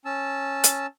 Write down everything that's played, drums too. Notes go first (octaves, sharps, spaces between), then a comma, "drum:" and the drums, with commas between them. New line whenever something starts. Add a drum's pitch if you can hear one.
C#4 A5 E6
drum: hi-hat